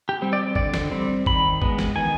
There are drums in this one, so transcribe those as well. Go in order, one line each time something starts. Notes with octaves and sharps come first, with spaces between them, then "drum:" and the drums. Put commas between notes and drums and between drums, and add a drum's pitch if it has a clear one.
G4
G3 C4
D5
D3 D5, drum: kick
drum: snare
G3 C4
D#3 B5, drum: kick
G#3 B3, drum: kick
drum: snare
D#3 G#5